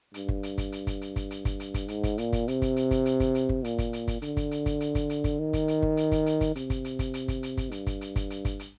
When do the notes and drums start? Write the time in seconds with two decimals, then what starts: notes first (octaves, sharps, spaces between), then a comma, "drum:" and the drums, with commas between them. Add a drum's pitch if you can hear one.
0.14 G2, drum: hi-hat
0.29 drum: kick
0.43 drum: hi-hat
0.58 drum: kick, hi-hat
0.72 drum: hi-hat
0.87 drum: kick, hi-hat
1.01 drum: hi-hat
1.16 drum: kick, hi-hat
1.31 drum: hi-hat
1.45 drum: kick, hi-hat
1.60 drum: hi-hat
1.74 drum: kick, hi-hat
1.88 G#2, drum: hi-hat
2.03 drum: kick, hi-hat
2.18 A#2, drum: hi-hat
2.33 drum: kick, hi-hat
2.48 C3, drum: hi-hat
2.62 drum: kick, hi-hat
2.76 drum: hi-hat
2.91 drum: kick, hi-hat
3.06 drum: hi-hat
3.20 drum: kick, hi-hat
3.35 drum: hi-hat
3.49 drum: kick
3.64 A#2, drum: hi-hat
3.78 drum: kick, hi-hat
3.93 drum: hi-hat
4.08 drum: kick, hi-hat
4.22 D3, drum: hi-hat
4.37 drum: kick, hi-hat
4.51 drum: hi-hat
4.66 drum: kick, hi-hat
4.80 drum: hi-hat
4.95 drum: kick, hi-hat
5.10 drum: hi-hat
5.24 drum: kick, hi-hat
5.39 D#3
5.53 drum: kick, hi-hat
5.68 drum: hi-hat
5.82 drum: kick
5.97 drum: hi-hat
6.12 drum: kick, hi-hat
6.26 drum: hi-hat
6.41 drum: kick, hi-hat
6.56 C3, drum: hi-hat
6.70 drum: kick, hi-hat
6.85 drum: hi-hat
6.99 drum: kick, hi-hat
7.14 drum: hi-hat
7.28 drum: kick, hi-hat
7.43 drum: hi-hat
7.57 drum: kick, hi-hat
7.71 G2, drum: hi-hat
7.87 drum: kick, hi-hat
8.01 drum: hi-hat
8.16 drum: kick, hi-hat
8.30 drum: hi-hat
8.45 drum: kick, hi-hat
8.59 drum: hi-hat